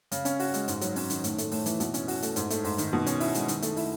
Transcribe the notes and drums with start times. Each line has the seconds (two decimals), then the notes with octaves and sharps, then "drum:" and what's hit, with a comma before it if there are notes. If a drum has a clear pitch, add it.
0.12 C#3, drum: hi-hat
0.25 C#4, drum: hi-hat
0.40 F#4, drum: open hi-hat
0.54 G#3, drum: hi-hat
0.68 G#2, drum: hi-hat
0.81 F#3, drum: hi-hat
0.96 C#4, drum: open hi-hat
1.10 D#3, drum: hi-hat
1.24 A2, drum: hi-hat
1.38 A3, drum: hi-hat
1.51 A2, drum: open hi-hat
1.66 E3, drum: hi-hat
1.80 B2, drum: hi-hat
1.94 C#4, drum: hi-hat
2.08 F#4, drum: open hi-hat
2.22 A3, drum: hi-hat
2.36 G#2, drum: hi-hat
2.50 A3, drum: hi-hat
2.64 G#2, drum: open hi-hat
2.78 D#3, drum: hi-hat
2.93 B2
3.06 C#4, drum: hi-hat
3.20 E4, drum: open hi-hat
3.35 G#3, drum: hi-hat
3.48 D#3, drum: hi-hat
3.62 A3, drum: hi-hat
3.77 E4, drum: open hi-hat